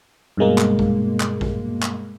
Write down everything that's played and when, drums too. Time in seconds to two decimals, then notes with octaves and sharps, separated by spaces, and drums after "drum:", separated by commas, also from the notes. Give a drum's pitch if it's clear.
0.37 G2 B2 G#3 A#3
0.58 drum: clap
0.79 drum: kick A#1
1.20 drum: clap
1.41 drum: kick A#1
1.83 drum: clap